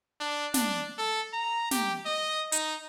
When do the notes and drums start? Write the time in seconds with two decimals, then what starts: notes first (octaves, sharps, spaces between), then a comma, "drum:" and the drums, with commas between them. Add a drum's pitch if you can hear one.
0.20 D4
0.54 D4, drum: snare
0.98 A4
1.33 A#5
1.71 G4, drum: snare
2.05 D#5
2.52 D#4, drum: hi-hat